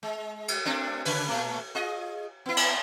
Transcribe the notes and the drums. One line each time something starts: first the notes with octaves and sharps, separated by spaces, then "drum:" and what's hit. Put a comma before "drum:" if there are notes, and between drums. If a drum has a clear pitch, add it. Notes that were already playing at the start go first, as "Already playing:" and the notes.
G#3
drum: cymbal
A3 C4 D4
C#3 B4, drum: open hi-hat
A#2 A3
F4 G#4 D#5
B3 E4
drum: cymbal